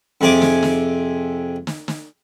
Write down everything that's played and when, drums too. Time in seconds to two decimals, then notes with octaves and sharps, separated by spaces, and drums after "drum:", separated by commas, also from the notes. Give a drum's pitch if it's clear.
0.21 F2 C3 G#4 G#5 D6
0.42 drum: snare
0.63 drum: snare
1.67 drum: snare
1.88 drum: snare